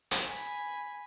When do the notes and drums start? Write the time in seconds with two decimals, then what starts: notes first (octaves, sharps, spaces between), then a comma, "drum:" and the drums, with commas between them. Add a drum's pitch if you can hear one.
0.11 drum: hi-hat
0.24 G#5 B5